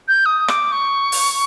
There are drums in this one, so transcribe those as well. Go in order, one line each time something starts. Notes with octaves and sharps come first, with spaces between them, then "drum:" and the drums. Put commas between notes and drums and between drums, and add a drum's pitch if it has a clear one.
G6
D#6
D6, drum: rim click
C#6
drum: open hi-hat